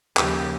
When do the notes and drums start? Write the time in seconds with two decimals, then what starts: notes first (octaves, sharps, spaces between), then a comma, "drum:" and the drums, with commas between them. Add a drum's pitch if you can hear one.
0.17 D#2 C#3 F3 G4, drum: clap